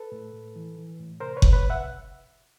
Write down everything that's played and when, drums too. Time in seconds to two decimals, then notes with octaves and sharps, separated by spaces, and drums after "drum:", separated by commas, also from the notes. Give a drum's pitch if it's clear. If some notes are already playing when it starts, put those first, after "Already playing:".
Already playing: A4 B4
0.12 A2
0.33 A2
0.56 E3
0.78 E3
1.00 A2
1.20 C3 A#4 C5
1.37 B4 C#5
1.42 F3, drum: kick F#1
1.53 B4 C#5
1.65 C3
1.70 E5 F#5